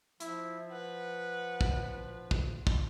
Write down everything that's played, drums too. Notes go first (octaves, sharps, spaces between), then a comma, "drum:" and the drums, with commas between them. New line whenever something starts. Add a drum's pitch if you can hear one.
F3 E4, drum: hi-hat
B4 F#5
drum: kick
drum: kick
drum: kick